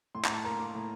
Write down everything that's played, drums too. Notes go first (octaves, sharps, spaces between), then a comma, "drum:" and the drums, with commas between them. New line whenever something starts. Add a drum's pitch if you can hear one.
A2 C6
A#5, drum: clap
A2 A5
A#3 A#4 A#5
A#3
A2